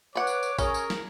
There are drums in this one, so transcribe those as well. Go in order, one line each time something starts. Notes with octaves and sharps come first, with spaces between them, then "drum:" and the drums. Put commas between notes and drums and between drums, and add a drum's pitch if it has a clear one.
B4 C#5 D5 F#5 D6
drum: tambourine
drum: tambourine
C#4 G#4 A#4, drum: kick, tambourine
drum: tambourine
drum: snare